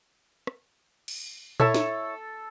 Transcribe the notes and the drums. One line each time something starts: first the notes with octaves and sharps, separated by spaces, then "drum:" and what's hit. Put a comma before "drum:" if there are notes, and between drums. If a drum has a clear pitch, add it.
drum: rim click
drum: cymbal
E4 A4 C#5, drum: tom A#2
drum: snare